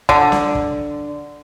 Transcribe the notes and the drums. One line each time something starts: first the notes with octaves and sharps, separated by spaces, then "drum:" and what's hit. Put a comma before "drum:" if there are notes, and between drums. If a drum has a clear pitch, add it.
D3, drum: kick
drum: snare
drum: kick